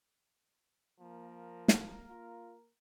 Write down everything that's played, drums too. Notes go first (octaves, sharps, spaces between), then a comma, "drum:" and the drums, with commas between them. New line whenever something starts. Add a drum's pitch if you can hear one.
F3 A#3 A#4
drum: snare
F4